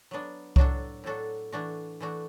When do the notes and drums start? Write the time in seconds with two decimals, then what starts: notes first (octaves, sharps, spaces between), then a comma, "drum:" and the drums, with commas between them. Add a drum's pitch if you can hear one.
0.11 F#3 B3 D4
0.56 A2 F#3 D4 F#4 A4, drum: kick C2
1.04 A2 F#3 D4 F#4 A4
1.52 E3 A3 D4 F#4
2.00 E3 A3 D4 F#4